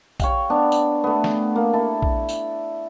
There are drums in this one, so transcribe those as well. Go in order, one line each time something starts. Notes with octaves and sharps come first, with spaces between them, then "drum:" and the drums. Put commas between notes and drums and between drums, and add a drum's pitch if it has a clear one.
C#5 F5 G5, drum: kick A#1, tambourine
B3 D4
drum: tambourine
A3 B3
drum: snare
A#3
E4 A4
drum: kick A#1
drum: tambourine